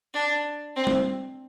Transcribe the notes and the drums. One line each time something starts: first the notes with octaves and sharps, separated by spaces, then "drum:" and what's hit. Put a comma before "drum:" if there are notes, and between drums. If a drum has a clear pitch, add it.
D4
C4
drum: tom G3